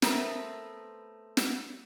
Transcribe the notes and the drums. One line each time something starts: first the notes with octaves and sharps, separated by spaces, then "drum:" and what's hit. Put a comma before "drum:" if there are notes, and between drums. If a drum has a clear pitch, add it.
A3 B3 C4 A#4 B4, drum: snare
drum: snare